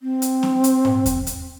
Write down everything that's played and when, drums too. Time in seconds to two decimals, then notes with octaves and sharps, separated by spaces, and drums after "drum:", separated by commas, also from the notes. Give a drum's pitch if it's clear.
0.01 C4
0.22 drum: hi-hat
0.43 drum: snare
0.64 drum: hi-hat
0.85 drum: tom G#2
1.06 drum: kick E2, hi-hat
1.27 drum: hi-hat